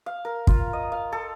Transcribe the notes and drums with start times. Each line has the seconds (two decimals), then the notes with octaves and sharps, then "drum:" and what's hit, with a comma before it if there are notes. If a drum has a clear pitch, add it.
0.06 F5
0.25 A#4
0.47 F4, drum: kick
0.73 D#5
0.92 F5
1.12 A4